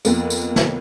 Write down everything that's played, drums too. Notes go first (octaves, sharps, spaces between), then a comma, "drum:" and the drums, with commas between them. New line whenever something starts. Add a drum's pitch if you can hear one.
F2 A#3 B3, drum: tambourine
drum: tambourine
drum: snare